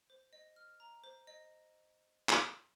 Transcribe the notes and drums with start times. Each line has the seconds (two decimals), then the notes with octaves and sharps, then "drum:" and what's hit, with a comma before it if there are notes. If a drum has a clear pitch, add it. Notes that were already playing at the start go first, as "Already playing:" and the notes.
0.10 C5
0.33 D#5
0.56 F6
0.80 A#5
1.04 C5
1.27 D#5
2.29 drum: clap